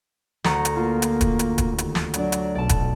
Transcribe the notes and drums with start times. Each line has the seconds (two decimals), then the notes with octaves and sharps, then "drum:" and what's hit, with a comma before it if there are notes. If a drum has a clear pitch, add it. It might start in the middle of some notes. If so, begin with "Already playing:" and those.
0.44 D2 F#5 A#5, drum: snare
0.65 drum: hi-hat
0.76 A#3 F4
1.02 drum: hi-hat
1.21 drum: kick, hi-hat
1.39 drum: hi-hat
1.58 drum: kick, hi-hat
1.78 D#2, drum: hi-hat
1.95 drum: snare
2.14 F#3 D4, drum: hi-hat
2.32 drum: hi-hat
2.55 B1 D5 A5
2.69 drum: kick, hi-hat